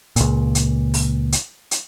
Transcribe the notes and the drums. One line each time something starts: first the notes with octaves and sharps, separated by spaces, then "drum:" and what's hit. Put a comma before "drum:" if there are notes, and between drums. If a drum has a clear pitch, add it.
C#2 A#2, drum: hi-hat
drum: hi-hat
drum: open hi-hat
drum: hi-hat
drum: hi-hat